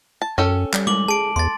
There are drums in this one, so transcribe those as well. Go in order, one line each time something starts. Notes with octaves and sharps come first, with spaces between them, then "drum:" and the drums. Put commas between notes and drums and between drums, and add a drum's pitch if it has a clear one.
A5
F#2 C#4 A4 G5
G3, drum: clap
D6 F#7, drum: tom G#3
G#4 A5 D7
E2 C6 A6